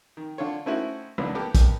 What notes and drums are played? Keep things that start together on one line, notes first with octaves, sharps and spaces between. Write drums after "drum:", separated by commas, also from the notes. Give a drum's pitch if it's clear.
D#3
D3 F4 C#5
A3 C4 C#4 D#4 E4 F#4
C#2 D3 B3 D4 D#4
A#3 B3 G4 A4 A#4
drum: kick, hi-hat